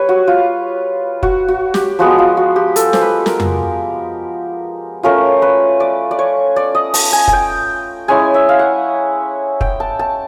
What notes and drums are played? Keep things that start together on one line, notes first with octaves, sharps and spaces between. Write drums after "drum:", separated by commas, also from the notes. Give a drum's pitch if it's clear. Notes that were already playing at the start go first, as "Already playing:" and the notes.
Already playing: G3 B4 C#5
F#4
F4
F#4, drum: kick
F#4
G4, drum: snare
F3 G#3 B3 F#4
F4
F#4
G4
A4, drum: hi-hat
C5, drum: snare
B4
A#4, drum: snare
drum: tom F2
A3 C#4 F4 A#4
B4
D5
D5
C#5
D5
D#5
A5, drum: open hi-hat
G#5
G#5, drum: kick
G5
G#3 C#4 E4 G#5
E5
F5
F#5
G5, drum: kick
A5
A5